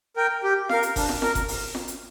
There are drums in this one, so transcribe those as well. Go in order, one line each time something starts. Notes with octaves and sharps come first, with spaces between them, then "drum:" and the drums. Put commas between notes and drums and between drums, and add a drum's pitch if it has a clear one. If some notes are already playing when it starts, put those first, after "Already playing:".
A#4 G5
G4
A#4 F5, drum: snare
drum: hi-hat
D4, drum: kick F#1, open hi-hat
drum: snare
A#4, drum: snare
drum: kick F#1, hi-hat
drum: open hi-hat
drum: snare
drum: hi-hat